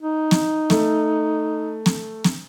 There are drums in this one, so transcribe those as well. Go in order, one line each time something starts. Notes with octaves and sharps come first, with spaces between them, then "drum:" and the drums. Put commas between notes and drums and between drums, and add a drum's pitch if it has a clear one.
D#4
drum: snare
A3, drum: snare
drum: snare
drum: snare